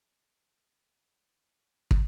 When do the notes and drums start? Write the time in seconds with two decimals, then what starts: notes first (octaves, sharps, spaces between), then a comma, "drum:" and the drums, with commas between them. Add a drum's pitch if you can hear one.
0.29 D#3
0.68 E2 G4 C5
1.11 F#2 A#2 F#3 F#4
1.46 F#5
1.91 drum: kick